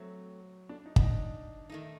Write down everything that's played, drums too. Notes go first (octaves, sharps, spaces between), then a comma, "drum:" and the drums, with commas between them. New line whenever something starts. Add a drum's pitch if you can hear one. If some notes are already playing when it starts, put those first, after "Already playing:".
Already playing: F#3 A3 C4
D4
D#4
D4, drum: kick
D#4
D#3 A3 D#4